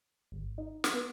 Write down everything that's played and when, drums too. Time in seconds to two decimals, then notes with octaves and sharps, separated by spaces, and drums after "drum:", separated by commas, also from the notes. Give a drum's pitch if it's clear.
0.32 G#1
0.58 D#4
0.84 drum: snare
0.93 B3